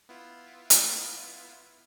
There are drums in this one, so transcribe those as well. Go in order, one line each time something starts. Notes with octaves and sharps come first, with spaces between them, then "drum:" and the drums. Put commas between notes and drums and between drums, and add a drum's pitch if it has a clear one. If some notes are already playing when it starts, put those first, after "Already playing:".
B3 E4 F4
drum: hi-hat